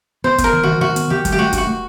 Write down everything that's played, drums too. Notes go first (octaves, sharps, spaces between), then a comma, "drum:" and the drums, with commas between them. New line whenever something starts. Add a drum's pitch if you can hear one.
B3 C5
B3, drum: kick, hi-hat
A#4
D#3
D#3 F#4
D#3 F#4
B3, drum: hi-hat
D#3 G4
G3, drum: kick, hi-hat
G4
A3 F#4
D4 F#4, drum: kick, hi-hat
A3